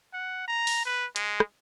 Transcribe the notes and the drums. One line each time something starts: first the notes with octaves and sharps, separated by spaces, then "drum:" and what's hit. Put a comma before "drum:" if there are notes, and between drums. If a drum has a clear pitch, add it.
F#5
A#5
drum: open hi-hat
B4
G#3, drum: hi-hat
drum: rim click